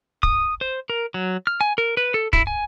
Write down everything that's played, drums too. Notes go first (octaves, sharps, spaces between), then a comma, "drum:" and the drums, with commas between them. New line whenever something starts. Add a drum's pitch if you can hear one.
D#6, drum: kick
C5
A#4
F#3
F6
G#5
A#4
B4
A4
E4, drum: kick
G#5